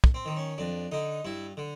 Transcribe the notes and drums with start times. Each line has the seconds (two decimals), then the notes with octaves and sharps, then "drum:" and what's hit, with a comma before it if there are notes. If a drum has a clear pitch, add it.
0.04 drum: kick
0.14 C4
0.25 D#3
0.36 C#4
0.58 F2 D4
0.92 D3 D#4
1.25 G2 E4
1.57 D3